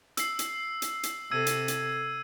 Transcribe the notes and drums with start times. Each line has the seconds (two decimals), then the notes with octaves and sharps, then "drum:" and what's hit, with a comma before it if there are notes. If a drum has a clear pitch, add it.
0.17 E6 C7, drum: hi-hat
0.39 drum: hi-hat
0.82 drum: hi-hat
1.03 drum: hi-hat
1.31 C3 A4 E6 G#6 D#7
1.47 drum: hi-hat
1.68 drum: hi-hat